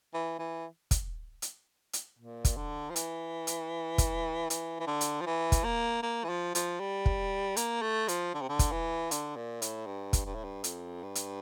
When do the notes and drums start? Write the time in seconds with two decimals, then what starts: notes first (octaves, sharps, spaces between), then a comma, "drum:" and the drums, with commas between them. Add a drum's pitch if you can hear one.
0.14 E3
0.39 E3
0.91 drum: kick, hi-hat
1.42 drum: hi-hat
1.93 drum: hi-hat
2.19 A#2
2.45 drum: kick, hi-hat
2.57 D3
2.90 F3
2.96 E3, drum: hi-hat
3.47 drum: hi-hat
3.98 drum: kick, hi-hat
4.50 E3, drum: hi-hat
4.80 E3
4.87 D3
5.01 drum: hi-hat
5.21 F3
5.27 E3
5.52 drum: kick, hi-hat
5.65 A#3
6.03 A#3
6.24 E3
6.29 F3
6.55 F3, drum: hi-hat
6.80 G3
7.06 drum: kick
7.57 A#3, drum: hi-hat
7.82 A3
8.08 F3, drum: hi-hat
8.34 D3
8.42 C3
8.49 D3
8.59 drum: kick, hi-hat
8.72 E3
9.11 D3, drum: hi-hat
9.36 A#2
9.62 A2, drum: hi-hat
9.87 G2
10.13 drum: kick, hi-hat
10.26 G2
10.35 A2
10.44 G2
10.64 F2, drum: hi-hat
11.03 G2
11.15 drum: hi-hat